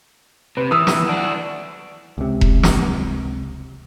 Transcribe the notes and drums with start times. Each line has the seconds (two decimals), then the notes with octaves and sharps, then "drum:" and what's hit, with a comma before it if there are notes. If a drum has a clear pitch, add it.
0.57 C3 B4
0.71 E3 D#6 E6
0.87 drum: snare
1.09 D4 F#4
2.18 C#2 C3
2.41 drum: kick E1
2.63 drum: snare